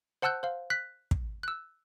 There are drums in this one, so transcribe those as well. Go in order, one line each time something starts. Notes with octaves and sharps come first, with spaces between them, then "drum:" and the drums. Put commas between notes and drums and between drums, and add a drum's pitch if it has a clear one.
C5 F#5 A5 E6 F#6 G6
C5 F5
F#6 B6
drum: kick
E6 F#6